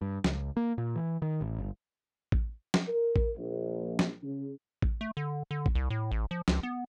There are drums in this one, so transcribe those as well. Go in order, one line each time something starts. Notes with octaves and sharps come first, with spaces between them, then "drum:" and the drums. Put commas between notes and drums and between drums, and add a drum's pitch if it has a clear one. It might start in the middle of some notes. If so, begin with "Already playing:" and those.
G2
C#2, drum: snare F#3
A#3
A#2
E3
D#3
A1
G1
drum: kick A1
drum: snare F#3
A#4
drum: kick A1
A#1
drum: snare F#3
C#3
drum: kick A1
A3
D3
D3
drum: kick A1
C2
A2
A1
F3
C#2, drum: snare F#3
B3